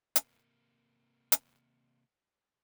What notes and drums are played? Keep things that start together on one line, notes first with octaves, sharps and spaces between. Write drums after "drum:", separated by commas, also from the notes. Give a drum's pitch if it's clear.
C3 A#3, drum: hi-hat
drum: hi-hat